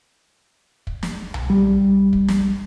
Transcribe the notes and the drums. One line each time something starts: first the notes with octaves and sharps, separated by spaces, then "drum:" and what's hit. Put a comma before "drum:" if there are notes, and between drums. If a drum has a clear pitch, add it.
drum: kick
drum: snare
drum: tom B1
G3
drum: kick
drum: snare